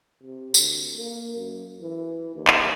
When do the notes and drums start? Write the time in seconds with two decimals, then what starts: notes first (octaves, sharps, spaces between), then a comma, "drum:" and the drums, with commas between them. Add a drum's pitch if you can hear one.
0.23 C3
0.54 D2, drum: tambourine
0.97 A#3
1.36 F#2
1.81 E3
2.35 D#2
2.47 drum: clap